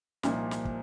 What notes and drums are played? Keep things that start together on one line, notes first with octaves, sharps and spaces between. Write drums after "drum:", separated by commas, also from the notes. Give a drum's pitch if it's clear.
C2 A#2 F3 A#3 D#4, drum: snare
drum: snare
drum: kick